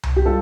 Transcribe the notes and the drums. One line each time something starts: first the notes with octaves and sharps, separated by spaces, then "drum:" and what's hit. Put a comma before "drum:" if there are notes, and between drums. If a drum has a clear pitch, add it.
drum: tom C2
G4
G3 F4 A4